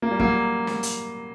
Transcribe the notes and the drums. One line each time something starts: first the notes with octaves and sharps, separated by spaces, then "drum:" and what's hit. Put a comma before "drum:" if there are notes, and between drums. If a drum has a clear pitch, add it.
A#3
G3
F#3 A#3, drum: kick
drum: snare
drum: hi-hat